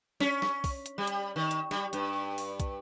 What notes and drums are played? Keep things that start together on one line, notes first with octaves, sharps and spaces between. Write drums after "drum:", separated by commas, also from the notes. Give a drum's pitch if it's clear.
C#4, drum: snare
drum: snare
drum: kick, open hi-hat
drum: hi-hat
G3
drum: hi-hat
D#3
drum: hi-hat
G3, drum: snare
G2, drum: hi-hat
drum: open hi-hat
drum: kick, hi-hat